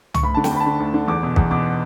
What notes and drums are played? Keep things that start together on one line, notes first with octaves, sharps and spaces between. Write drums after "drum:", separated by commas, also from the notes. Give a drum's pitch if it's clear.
C#6, drum: tom
D2 B5
D3 A5
G5, drum: snare
D2 B5
A5
D3 B5
D2
D3
E2 D6
B2
E2, drum: kick
B2 D6